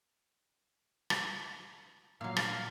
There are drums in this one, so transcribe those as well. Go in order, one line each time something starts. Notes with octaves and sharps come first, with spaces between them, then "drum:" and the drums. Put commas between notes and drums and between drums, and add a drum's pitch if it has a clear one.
drum: rim click
A#2 F#3 F5
drum: rim click